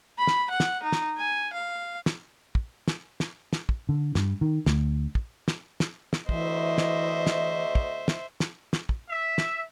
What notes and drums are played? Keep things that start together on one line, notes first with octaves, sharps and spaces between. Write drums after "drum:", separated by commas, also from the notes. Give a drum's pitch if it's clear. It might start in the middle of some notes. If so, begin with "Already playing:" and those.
B5
drum: snare
F#5
drum: snare
D#4
drum: snare
G#5
F5
drum: snare
drum: kick
drum: snare
drum: snare
drum: snare
drum: kick
D3
G2, drum: snare
D#3
D2, drum: snare
drum: kick
drum: snare
drum: snare
drum: snare
D2 E3 C5 D#5 E5, drum: kick
drum: snare
drum: snare
drum: kick
drum: snare
drum: snare
drum: snare
drum: kick
E5
drum: snare